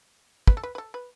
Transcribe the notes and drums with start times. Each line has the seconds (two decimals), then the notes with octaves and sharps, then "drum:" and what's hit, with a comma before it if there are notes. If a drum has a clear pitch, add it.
0.48 B4, drum: kick
0.57 A4
0.63 B4
0.75 B4
0.78 A4
0.94 B4